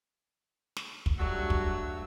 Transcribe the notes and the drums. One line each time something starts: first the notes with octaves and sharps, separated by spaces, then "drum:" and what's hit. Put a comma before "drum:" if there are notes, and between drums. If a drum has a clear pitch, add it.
drum: snare
drum: kick
G2 F#3 G3 A3 F#4 E6
drum: kick